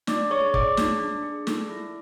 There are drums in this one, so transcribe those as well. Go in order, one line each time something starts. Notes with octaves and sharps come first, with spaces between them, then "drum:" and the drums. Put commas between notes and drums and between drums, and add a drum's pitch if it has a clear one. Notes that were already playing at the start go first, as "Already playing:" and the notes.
D4 D5 D6, drum: snare
G#4 C#5 C#6
G#4 D5 D6, drum: kick
D4, drum: snare
D4
G#4
A4, drum: snare
E4